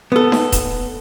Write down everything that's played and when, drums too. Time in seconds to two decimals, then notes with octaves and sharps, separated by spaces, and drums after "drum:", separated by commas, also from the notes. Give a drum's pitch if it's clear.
0.12 B3 A4
0.32 drum: snare D#4
0.52 drum: kick D#1, hi-hat